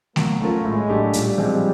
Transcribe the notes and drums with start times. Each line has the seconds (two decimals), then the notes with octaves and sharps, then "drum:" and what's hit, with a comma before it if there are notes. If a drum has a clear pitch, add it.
0.16 F#3 A#3, drum: snare A3
0.41 A3 C#4 F4 A#4
0.64 A2 G#3
0.89 F#3 A3 D4 G4
1.13 A#2 G3, drum: hi-hat
1.38 F3 G#3 C4